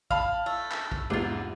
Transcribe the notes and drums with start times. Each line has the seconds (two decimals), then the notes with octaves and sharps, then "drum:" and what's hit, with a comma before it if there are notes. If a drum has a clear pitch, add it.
0.11 F5 A5 B5 F6, drum: kick A#1
0.46 A3
0.71 drum: clap
0.92 drum: kick A#1
1.10 E2 G#2 C3 D4 F4